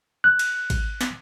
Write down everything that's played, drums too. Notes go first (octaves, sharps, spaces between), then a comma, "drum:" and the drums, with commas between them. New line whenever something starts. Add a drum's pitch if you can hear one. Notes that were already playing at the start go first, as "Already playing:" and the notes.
F#6
drum: cymbal
drum: kick, cymbal
drum: snare